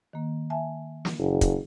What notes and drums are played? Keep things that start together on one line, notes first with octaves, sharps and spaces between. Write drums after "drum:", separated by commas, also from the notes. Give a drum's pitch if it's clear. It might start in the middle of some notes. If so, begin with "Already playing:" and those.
D#3 A#3
E5 G#5 A5
drum: snare
F#1
drum: kick, hi-hat